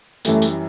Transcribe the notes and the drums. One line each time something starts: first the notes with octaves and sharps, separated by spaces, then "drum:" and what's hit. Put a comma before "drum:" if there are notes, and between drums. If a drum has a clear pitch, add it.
F#2 E3 G3 A3, drum: tambourine
drum: tambourine